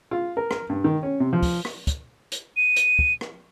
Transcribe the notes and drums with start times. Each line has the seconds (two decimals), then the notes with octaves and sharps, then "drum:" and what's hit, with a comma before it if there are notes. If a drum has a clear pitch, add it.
0.11 F4
0.37 A#4
0.51 A#4, drum: rim click
0.70 G2
0.84 D#3
1.03 C#4
1.20 C3
1.33 F3
1.43 drum: kick, open hi-hat
1.65 drum: rim click
1.87 drum: kick, hi-hat
2.32 drum: hi-hat
2.57 D#7
2.76 drum: hi-hat
2.99 drum: kick
3.21 drum: rim click